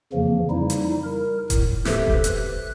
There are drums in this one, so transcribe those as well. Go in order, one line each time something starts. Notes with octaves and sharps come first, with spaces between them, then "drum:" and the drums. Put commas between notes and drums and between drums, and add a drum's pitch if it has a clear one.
F2 C#3 E3 F3 A#3
G3 D#4 E4
drum: hi-hat
A#4
A2, drum: kick D#1, hi-hat
G4 A4 B4 C5 E5, drum: snare
drum: kick D#1
F#6, drum: hi-hat